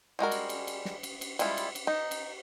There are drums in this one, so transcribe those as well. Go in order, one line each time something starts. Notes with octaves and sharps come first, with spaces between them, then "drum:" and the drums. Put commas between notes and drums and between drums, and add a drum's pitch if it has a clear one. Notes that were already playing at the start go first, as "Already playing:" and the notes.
G3 G#3 F#4 A#4
drum: cymbal
drum: cymbal
drum: cymbal
drum: snare
drum: cymbal
drum: cymbal
G3 G#3 E4 F4, drum: cymbal
drum: cymbal
drum: cymbal
D#4
drum: cymbal